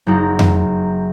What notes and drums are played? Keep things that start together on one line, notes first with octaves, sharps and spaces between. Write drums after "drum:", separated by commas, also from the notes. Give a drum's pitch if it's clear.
F#1 F#2 D#4 F#5
drum: tom F2